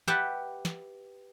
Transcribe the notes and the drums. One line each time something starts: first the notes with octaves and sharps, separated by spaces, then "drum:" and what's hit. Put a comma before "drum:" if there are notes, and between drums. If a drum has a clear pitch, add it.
G4 B4 E5 F#5 G5 A5, drum: snare
drum: snare